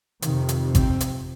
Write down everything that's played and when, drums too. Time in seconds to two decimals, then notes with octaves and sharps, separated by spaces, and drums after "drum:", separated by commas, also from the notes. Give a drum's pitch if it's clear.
0.22 F2 C3 D#3, drum: hi-hat
0.49 drum: hi-hat
0.75 C4, drum: kick G#1, hi-hat
1.01 drum: hi-hat